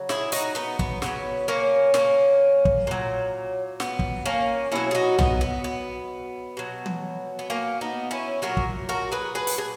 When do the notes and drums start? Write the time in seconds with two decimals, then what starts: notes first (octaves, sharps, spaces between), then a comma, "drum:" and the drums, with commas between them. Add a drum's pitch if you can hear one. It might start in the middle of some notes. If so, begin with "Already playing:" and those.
Already playing: C#3 F#3
0.09 E4 G#4, drum: snare
0.32 D#4 F#4, drum: hi-hat
0.55 B3 D#4
0.79 B3, drum: kick
1.02 C#3 F#3 B3, drum: snare
1.48 A#3 C#4
1.94 A#3 C#4, drum: snare
2.65 drum: kick
2.87 A#2 F#3
3.80 B3, drum: snare
3.99 drum: kick
4.26 A#3 C#4
4.72 B2 F#3 C#4 E4
4.91 G#4
4.95 D#4 F#4
5.19 B3 D#4, drum: tom
5.41 B3
5.64 B3
6.57 B2 F#3
6.86 drum: tom
7.39 B3
7.50 A#3 C#4
7.81 B3 D#4
8.11 C#4 E4
8.42 A#2 F#3 F#4 A#4
8.57 drum: kick
8.89 F#4 A#4
9.12 G#4 B4
9.35 G#4 B4
9.47 drum: hi-hat
9.58 G#4